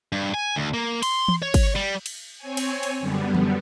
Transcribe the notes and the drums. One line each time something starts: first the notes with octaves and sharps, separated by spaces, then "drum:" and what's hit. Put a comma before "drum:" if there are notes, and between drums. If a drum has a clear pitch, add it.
G2
G#5
D2
A#3
C6, drum: cymbal
drum: tom E3
C#5
drum: kick, cymbal
G3
drum: cymbal
C4 C#5 G#5
drum: cymbal
drum: cymbal
F#2 D3 G3 B3
drum: tom E3